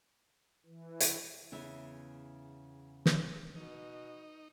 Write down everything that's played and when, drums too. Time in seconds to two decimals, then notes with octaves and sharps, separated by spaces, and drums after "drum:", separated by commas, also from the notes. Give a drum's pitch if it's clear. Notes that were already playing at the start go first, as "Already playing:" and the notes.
0.66 E3
1.00 drum: hi-hat
1.52 E2 C#3 E5
3.06 drum: snare
3.56 B2 D#4